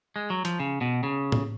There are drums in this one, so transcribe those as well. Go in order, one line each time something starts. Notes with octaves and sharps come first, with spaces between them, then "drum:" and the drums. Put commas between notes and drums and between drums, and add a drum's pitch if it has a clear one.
G#3
F#3
F3, drum: hi-hat
C#3
B2
C#3
drum: tom